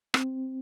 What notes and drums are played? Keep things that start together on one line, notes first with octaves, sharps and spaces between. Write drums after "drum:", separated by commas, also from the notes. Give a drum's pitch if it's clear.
C4, drum: rim click